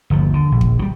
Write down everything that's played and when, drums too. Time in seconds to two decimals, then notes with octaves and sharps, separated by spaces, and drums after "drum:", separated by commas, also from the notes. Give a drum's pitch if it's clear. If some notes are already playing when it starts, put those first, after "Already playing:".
0.10 G1 D#2 F3
0.34 D3
0.52 A#1
0.61 drum: kick
0.79 D#3 G3